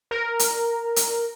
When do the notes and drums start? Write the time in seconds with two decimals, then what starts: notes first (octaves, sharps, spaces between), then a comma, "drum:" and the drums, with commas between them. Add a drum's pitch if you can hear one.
0.11 A#4
0.39 drum: hi-hat
0.96 drum: hi-hat